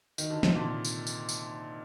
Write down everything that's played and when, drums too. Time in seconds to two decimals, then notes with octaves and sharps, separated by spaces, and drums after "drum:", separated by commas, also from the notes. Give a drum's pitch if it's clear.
0.18 D#3, drum: tambourine
0.30 D3
0.43 C3, drum: snare
0.55 A#2 D3
0.85 drum: tambourine
1.07 drum: tambourine
1.29 drum: tambourine